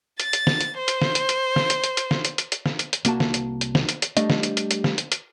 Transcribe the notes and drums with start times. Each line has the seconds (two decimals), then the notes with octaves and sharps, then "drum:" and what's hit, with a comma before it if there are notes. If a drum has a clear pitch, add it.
0.20 A6, drum: hi-hat
0.33 drum: hi-hat
0.47 drum: snare
0.61 drum: hi-hat
0.78 C5
0.88 drum: hi-hat
1.02 drum: snare
1.15 drum: hi-hat
1.29 drum: hi-hat
1.56 drum: snare
1.70 drum: hi-hat
1.84 drum: hi-hat
1.97 drum: hi-hat
2.11 drum: snare
2.25 drum: hi-hat
2.38 drum: hi-hat
2.52 drum: hi-hat
2.66 drum: snare
2.79 drum: hi-hat
2.93 drum: hi-hat
3.05 C2 A#3 F#4 A5, drum: hi-hat
3.20 drum: snare
3.34 drum: hi-hat
3.61 drum: hi-hat
3.75 drum: snare
3.89 drum: hi-hat
4.02 drum: hi-hat
4.17 G3 A3 D4 D#5, drum: hi-hat
4.30 drum: snare
4.43 drum: hi-hat
4.57 drum: hi-hat
4.71 drum: hi-hat
4.84 drum: snare
4.98 drum: hi-hat
5.12 drum: hi-hat